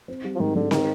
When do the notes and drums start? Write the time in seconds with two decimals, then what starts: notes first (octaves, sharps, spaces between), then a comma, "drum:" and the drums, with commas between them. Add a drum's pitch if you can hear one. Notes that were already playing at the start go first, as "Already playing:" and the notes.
0.08 C4
0.24 G3
0.35 F3
0.40 G#2 D#3
0.55 G#2 D3
0.71 D#3 G#3, drum: snare C4